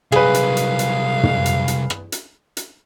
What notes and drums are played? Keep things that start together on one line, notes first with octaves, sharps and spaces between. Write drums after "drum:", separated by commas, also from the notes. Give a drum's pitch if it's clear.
C2 F#3 G#4 B4 F5, drum: rim click
drum: hi-hat
drum: hi-hat
drum: hi-hat
drum: tom
drum: hi-hat
drum: hi-hat
drum: rim click
drum: hi-hat
drum: hi-hat